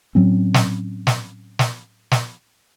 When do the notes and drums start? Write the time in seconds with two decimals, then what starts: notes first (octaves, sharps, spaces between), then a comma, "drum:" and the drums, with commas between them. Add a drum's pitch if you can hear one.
0.15 A2 F#3 C4 C#4
0.54 drum: snare
1.07 drum: snare
1.59 drum: snare
2.11 drum: snare